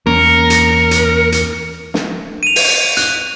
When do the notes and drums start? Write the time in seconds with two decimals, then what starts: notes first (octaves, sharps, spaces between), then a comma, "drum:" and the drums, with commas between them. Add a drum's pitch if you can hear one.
0.07 E2 A#3 C#4 A#4 C#7
0.50 drum: hi-hat
0.91 drum: hi-hat
1.32 drum: hi-hat
1.94 drum: snare
2.43 D#7 F7
2.56 drum: open hi-hat
2.97 F#6, drum: hi-hat